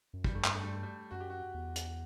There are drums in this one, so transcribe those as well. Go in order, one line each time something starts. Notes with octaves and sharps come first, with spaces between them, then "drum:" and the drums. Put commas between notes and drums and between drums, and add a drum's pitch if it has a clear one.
F#2
G2 G3, drum: kick
A3
G3, drum: clap
A3
G3
A3
G3
F#2 F#4
G4
F#4
E2
drum: hi-hat